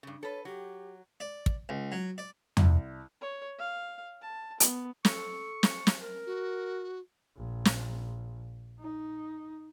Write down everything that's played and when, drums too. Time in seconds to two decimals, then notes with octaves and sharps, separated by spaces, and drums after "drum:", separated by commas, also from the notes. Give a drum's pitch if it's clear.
0.03 G2 C#3
0.23 A4 B4 C#5
0.45 F#3 G4
1.20 D5
1.46 drum: kick
1.69 C#2
1.92 F#3
2.18 D5
2.57 C2, drum: tom E2
3.21 C#5
3.59 F5
4.21 A5
4.60 B3, drum: hi-hat
5.05 A4 C#6, drum: snare
5.63 drum: snare
5.87 drum: snare
6.01 A#4
6.26 F#4
7.37 A#1
7.65 drum: snare
8.79 D#4